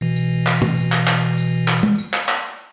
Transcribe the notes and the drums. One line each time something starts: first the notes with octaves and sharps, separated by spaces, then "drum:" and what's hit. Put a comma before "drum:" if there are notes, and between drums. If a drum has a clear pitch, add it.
B2 E3
drum: tambourine
drum: clap
drum: tom
drum: tambourine
drum: clap
drum: clap
drum: tambourine
drum: clap
drum: tom
drum: tambourine
drum: clap
drum: clap